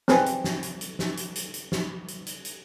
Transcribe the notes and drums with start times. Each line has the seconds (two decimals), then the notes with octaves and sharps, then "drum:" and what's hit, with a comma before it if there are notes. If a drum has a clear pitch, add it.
0.08 C4 G#4 B4, drum: snare
0.26 drum: hi-hat
0.44 drum: snare
0.63 drum: hi-hat
0.81 drum: hi-hat
0.99 drum: snare
1.17 drum: hi-hat
1.35 drum: hi-hat
1.54 drum: hi-hat
1.72 drum: snare
2.08 drum: hi-hat
2.26 drum: hi-hat
2.45 drum: hi-hat